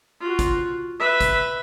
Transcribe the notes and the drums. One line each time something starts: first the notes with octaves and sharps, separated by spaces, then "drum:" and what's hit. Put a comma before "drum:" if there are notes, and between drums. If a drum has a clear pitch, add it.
F4 F#4
drum: kick, hi-hat
B4 E5
drum: kick, hi-hat